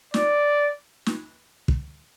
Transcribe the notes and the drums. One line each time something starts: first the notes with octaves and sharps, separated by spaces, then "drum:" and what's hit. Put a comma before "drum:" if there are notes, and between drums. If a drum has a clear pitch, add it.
D5, drum: snare
drum: snare
drum: kick